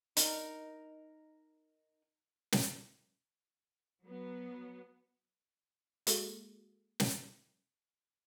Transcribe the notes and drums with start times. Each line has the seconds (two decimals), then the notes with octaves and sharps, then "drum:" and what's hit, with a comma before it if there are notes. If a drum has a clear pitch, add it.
0.17 D#4 A#4, drum: hi-hat
2.52 drum: snare
4.04 F#3 B3
6.07 G#3 A#3 F#4 G#4 A4, drum: hi-hat
7.00 drum: snare